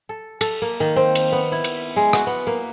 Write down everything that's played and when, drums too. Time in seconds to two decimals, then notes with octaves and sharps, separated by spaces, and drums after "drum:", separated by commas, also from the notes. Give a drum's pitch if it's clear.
0.09 A4
0.41 A4, drum: cymbal
0.62 A#3
0.80 D#3
0.96 C4
1.15 drum: cymbal
1.32 B3
1.52 E4
1.64 drum: cymbal
1.96 G#3
2.13 F#4, drum: rim click
2.27 B3
2.47 A#3